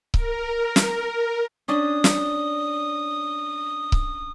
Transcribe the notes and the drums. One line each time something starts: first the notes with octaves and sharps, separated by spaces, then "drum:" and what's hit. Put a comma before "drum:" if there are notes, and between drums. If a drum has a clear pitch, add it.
A#4, drum: kick C#1
drum: snare
C#4 D4 D#6
drum: snare
drum: kick C#1